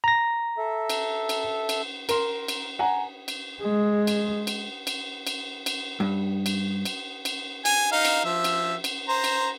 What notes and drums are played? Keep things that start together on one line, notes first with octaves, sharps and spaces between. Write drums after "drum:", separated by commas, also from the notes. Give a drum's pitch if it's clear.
A#5 A#6
A4 E5
drum: cymbal
drum: cymbal
drum: cymbal
A#4 C6, drum: cymbal
drum: cymbal
F#5 G#5 A#5
drum: cymbal
G#3
drum: cymbal
drum: cymbal
drum: cymbal
drum: cymbal
drum: cymbal
G2
drum: cymbal
drum: cymbal
drum: cymbal
G#5, drum: cymbal
D#4 F5
drum: cymbal
F3 E5
drum: cymbal
drum: cymbal
C5 A#5
drum: cymbal